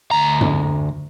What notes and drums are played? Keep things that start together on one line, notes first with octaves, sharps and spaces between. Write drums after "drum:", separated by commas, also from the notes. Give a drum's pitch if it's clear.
D2 A#5
drum: tom F#2